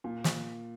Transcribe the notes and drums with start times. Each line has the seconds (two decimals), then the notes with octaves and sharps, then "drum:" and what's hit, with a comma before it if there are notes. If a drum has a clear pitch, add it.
0.04 A#2
0.24 drum: snare